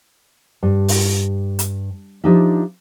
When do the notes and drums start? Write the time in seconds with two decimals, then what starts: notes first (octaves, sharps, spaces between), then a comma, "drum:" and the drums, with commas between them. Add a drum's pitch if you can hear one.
0.63 G2
0.88 drum: open hi-hat
1.59 drum: hi-hat
2.24 F3 D4 D#4 G4 E5